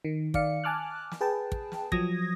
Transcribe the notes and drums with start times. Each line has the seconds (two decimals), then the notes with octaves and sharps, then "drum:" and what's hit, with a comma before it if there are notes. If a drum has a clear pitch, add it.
0.05 D#3
0.34 D#3 D5 F5 C#7, drum: kick
0.64 G#5 A5 D6 F6 F#6
1.12 drum: snare
1.21 G#4 B4 G5 A5
1.52 drum: kick
1.72 drum: snare
1.92 F3 F#3 D#6 G#6 A#6, drum: kick